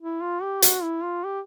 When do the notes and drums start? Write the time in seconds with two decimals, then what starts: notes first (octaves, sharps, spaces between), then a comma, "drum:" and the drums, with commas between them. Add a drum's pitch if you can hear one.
0.01 E4
0.22 F4
0.42 G4
0.62 F#4, drum: hi-hat
0.83 E4
1.03 F4
1.24 G4